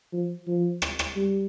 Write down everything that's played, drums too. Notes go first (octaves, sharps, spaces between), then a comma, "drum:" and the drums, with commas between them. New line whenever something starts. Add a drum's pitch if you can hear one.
F3
F3
drum: rim click
drum: rim click
G3